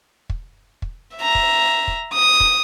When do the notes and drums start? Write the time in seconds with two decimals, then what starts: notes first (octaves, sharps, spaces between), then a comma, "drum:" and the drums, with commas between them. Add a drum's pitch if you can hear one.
0.30 drum: kick
0.82 drum: kick
1.17 E5 A#5
1.35 drum: kick
1.88 drum: kick
2.14 D#6
2.40 drum: kick